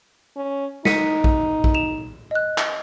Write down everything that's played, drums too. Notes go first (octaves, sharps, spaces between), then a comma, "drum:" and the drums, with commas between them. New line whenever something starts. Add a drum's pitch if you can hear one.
C#4
D#4 B6 C#7 D#7, drum: snare
drum: kick A#1
drum: kick A#1
E7 F7
D#5 F#6
drum: clap